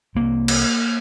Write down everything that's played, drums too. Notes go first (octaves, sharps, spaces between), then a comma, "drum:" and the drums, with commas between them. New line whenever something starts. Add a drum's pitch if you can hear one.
C2 C3 A#3
drum: cymbal